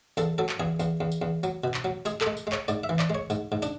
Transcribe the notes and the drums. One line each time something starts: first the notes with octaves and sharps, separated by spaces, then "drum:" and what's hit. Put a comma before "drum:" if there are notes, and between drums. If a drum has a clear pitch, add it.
E2 A4, drum: tambourine
F#3 A4
drum: clap
E2 G#4
E2, drum: tambourine
E2
drum: tambourine
E2
F#3, drum: tambourine
B2
drum: clap
F#3
G#3 G#4, drum: tambourine
A4, drum: clap
G#3
drum: tambourine
G#3
C#5, drum: clap
G#2 D5, drum: tambourine
E5
E3
D5, drum: clap
G#3 C#5
G#2, drum: tambourine
G#2
D4, drum: tambourine